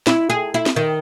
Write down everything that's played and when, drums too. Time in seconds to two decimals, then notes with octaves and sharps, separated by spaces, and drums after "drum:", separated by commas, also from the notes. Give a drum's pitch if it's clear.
0.07 E4, drum: snare
0.30 G#4
0.54 E4
0.66 drum: snare
0.76 D#3